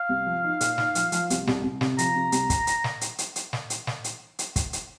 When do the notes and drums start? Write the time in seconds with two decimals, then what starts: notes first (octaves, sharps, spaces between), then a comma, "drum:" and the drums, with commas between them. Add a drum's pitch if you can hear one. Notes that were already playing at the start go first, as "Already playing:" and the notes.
Already playing: F5
0.09 C2
0.27 F3
0.44 D#4
0.61 A#2, drum: hi-hat
0.78 D#4, drum: snare
0.95 F3, drum: hi-hat
1.12 F3, drum: hi-hat
1.30 C2, drum: hi-hat
1.47 C2, drum: snare
1.63 C2
1.81 C3, drum: snare
1.98 F3 A#5, drum: hi-hat
2.16 C3
2.32 C2, drum: hi-hat
2.50 drum: kick, hi-hat
2.67 drum: hi-hat
2.84 drum: snare
3.01 drum: hi-hat
3.18 drum: hi-hat
3.36 drum: hi-hat
3.53 drum: snare
3.70 drum: hi-hat
3.87 drum: snare
4.04 drum: hi-hat
4.39 drum: hi-hat
4.56 drum: kick, hi-hat
4.73 drum: hi-hat